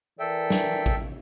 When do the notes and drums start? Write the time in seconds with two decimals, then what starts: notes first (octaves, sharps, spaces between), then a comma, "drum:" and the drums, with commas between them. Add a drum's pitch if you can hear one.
0.19 E3 A4 A#4 D5 E5 G5
0.50 drum: snare
0.86 drum: kick A1